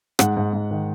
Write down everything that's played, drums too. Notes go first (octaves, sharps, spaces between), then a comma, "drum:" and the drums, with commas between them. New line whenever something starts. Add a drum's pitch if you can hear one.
G#2 F#5, drum: rim click
G#2
G#2
D#3